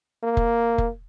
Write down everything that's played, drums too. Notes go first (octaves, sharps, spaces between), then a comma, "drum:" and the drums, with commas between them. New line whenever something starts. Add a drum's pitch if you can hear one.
A#3
drum: kick F1
drum: kick F1